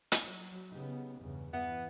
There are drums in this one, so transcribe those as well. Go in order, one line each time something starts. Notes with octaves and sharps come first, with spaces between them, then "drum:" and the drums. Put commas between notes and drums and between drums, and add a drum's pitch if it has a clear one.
drum: hi-hat
F#3
C#3 B3 D#4 G4
E2 G2 C#3
E3 B3 E5 F#5